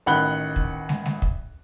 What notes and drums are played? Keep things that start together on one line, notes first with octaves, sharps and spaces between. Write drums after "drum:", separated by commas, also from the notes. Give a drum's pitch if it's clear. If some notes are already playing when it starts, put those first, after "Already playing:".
A1 D#3 F#5 B5 F#6 G7
drum: kick
drum: snare
drum: snare
drum: kick